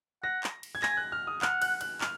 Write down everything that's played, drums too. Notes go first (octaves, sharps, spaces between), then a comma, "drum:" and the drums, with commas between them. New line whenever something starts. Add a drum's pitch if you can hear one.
F#5 A#6
drum: clap
drum: cymbal
G#6
G#5 A#6, drum: clap
F#6
F6
D#6
F#5 F6, drum: clap
F#6, drum: cymbal
F#6, drum: cymbal
F6, drum: clap